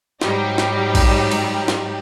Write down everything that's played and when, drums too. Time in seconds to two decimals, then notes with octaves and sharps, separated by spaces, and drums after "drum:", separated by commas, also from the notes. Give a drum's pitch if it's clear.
0.21 G#2 F#3 G3 D#4 G4, drum: snare
0.58 drum: snare
0.95 drum: kick A#1, cymbal
1.31 drum: cymbal
1.68 drum: snare